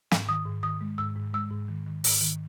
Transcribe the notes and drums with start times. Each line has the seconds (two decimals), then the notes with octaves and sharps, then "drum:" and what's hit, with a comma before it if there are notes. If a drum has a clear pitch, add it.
0.11 G#2, drum: snare
0.28 D#3 D#6
0.46 G#2
0.63 D#3 D#6
0.81 G#3
0.98 G#2 E6
1.16 G#2
1.33 G#3 E6
1.51 G#2
1.68 D#3
1.86 D#3
2.04 G#2, drum: open hi-hat
2.21 D#3